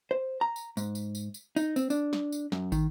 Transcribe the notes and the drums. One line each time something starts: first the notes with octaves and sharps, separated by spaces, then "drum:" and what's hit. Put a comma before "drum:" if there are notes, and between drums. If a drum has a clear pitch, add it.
C5
A#5
drum: tambourine
G#2, drum: tambourine
drum: tambourine
drum: tambourine
drum: tambourine
D#4, drum: tambourine
C4, drum: tambourine
D4, drum: tambourine
drum: snare
drum: tambourine
F#2, drum: snare
D#3, drum: kick, tambourine